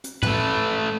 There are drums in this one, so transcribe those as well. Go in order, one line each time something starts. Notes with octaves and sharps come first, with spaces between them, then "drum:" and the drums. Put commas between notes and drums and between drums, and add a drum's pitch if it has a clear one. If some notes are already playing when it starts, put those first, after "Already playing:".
drum: hi-hat
A3 B4, drum: tom